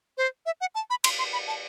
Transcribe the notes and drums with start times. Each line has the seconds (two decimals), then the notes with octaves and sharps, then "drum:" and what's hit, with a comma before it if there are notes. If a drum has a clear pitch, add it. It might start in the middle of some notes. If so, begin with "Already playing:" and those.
0.18 C5
0.46 E5
0.61 F#5
0.75 A5
0.90 B5
1.04 C6, drum: cymbal
1.18 C6
1.33 B5
1.47 A5